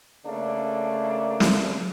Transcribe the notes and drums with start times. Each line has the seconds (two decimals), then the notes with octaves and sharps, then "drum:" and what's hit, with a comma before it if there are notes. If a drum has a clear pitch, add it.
0.24 C#3 A3 A#3 D4
1.40 drum: snare